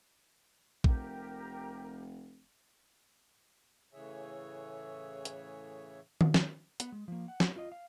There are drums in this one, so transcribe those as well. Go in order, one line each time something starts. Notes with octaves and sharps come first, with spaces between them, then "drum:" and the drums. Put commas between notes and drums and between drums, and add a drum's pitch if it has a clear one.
F1 G4 A#4, drum: kick A#1
A2 C#3 E3 G#4 C#5 E5
drum: hi-hat
drum: tom D#3
drum: snare
B3 F#5, drum: hi-hat
G#3
F3 A#3
F#5
drum: snare
F4 D#5
F5